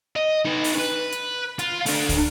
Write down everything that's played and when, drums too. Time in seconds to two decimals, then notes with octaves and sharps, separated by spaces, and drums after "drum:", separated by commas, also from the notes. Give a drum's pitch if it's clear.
0.16 D#5
0.45 D#4 B4
0.64 drum: open hi-hat
0.79 B4
1.12 drum: hi-hat
1.59 F4, drum: hi-hat
1.86 A3 D4, drum: open hi-hat
2.09 drum: kick, open hi-hat